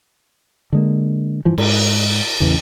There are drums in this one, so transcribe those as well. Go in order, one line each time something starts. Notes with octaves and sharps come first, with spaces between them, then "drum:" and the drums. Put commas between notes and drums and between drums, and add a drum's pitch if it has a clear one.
D3 G#3 A#3
G2 E3 F3
G#2, drum: cymbal
A1 E2 C#3 E3